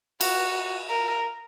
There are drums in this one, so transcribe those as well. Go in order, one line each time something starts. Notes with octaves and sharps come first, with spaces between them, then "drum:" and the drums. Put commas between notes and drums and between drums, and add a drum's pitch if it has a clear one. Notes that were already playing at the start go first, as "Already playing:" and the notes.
F#4, drum: cymbal
A#4